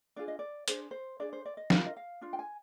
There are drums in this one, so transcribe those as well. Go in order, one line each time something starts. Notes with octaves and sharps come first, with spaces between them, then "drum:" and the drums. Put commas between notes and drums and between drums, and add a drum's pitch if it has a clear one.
D4 F4 G#4 D5
D#5
D5
D4 G#4 C5, drum: hi-hat
C5
D4 G#4 D5
C5
D5
D#5
D4 F4 A#4 F5, drum: snare
D#5
F5
D4 F4
G5
G#5